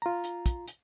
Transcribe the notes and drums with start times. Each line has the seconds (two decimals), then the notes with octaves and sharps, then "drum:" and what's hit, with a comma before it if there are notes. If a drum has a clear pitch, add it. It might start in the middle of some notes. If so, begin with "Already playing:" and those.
0.02 F4 A#5
0.24 drum: hi-hat
0.46 drum: kick, hi-hat
0.68 drum: hi-hat